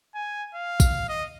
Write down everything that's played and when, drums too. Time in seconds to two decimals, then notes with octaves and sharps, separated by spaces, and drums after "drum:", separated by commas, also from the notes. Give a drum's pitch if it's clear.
0.15 G#5
0.55 F5
0.80 drum: kick, tambourine
1.09 D#5